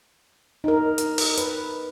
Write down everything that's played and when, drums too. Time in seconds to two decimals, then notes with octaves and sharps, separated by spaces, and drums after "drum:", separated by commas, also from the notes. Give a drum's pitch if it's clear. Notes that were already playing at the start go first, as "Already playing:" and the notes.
0.64 D#4 A#4
0.98 drum: hi-hat
1.18 drum: open hi-hat
1.38 B4, drum: hi-hat